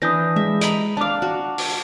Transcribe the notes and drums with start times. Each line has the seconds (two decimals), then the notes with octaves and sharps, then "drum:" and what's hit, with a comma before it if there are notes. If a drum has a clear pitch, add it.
0.02 E3 D4 D#6 G6 A#6
0.36 G#3 E5
0.61 D#5 A#5 B5, drum: hi-hat
0.97 D4 F5 A5 D6
1.22 F#4
1.58 drum: open hi-hat